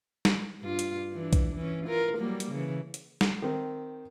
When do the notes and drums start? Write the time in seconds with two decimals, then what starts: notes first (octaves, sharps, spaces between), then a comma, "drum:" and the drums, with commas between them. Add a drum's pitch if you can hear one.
0.25 drum: snare
0.61 G2 F4
0.79 drum: hi-hat
1.12 E3 D4
1.33 drum: kick B1, hi-hat
1.56 E3 C#4
1.86 F4 A#4
2.17 F#3 G3 A#3
2.40 drum: hi-hat
2.51 C#3 E3
2.94 drum: hi-hat
3.21 drum: snare
3.42 D#3 C4